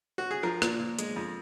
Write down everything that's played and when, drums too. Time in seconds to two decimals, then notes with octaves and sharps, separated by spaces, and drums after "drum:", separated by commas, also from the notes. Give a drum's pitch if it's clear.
0.18 F#4
0.31 G#4
0.43 F3 A#4
0.62 A#2, drum: rim click
0.79 A#2
0.99 G#3, drum: hi-hat
1.16 F2